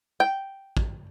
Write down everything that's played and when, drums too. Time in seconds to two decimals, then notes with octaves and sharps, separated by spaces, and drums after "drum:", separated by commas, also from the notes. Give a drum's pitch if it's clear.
0.20 G5
0.77 drum: kick